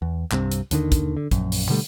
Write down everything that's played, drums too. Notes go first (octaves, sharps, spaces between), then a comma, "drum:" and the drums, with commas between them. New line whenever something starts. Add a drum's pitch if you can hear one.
E2
C2 G2 C3 C4, drum: clap
drum: hi-hat
D#2 D3 D#3, drum: hi-hat
drum: kick, hi-hat
D3
A#1 F#2, drum: kick, hi-hat
drum: open hi-hat
B2 D3 G3 A3